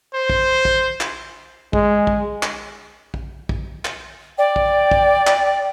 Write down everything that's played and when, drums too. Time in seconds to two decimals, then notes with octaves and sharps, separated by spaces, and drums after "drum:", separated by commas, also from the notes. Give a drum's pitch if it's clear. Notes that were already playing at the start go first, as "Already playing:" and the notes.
0.14 C5
0.30 drum: kick
0.65 drum: kick
1.01 drum: clap
1.73 G#3, drum: kick
2.07 drum: kick
2.43 drum: clap
3.14 drum: kick
3.49 drum: kick
3.85 drum: clap
4.38 D5 G5
4.56 drum: kick
4.91 drum: kick
5.27 drum: clap